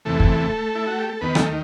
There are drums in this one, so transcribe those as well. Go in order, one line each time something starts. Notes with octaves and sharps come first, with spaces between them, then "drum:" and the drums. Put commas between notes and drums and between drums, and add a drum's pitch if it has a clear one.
E2 C3 E3 A3 A4
drum: kick
E4
F#4
G4
A4
D#2 D#3 B3 B4
A3 A4, drum: rim click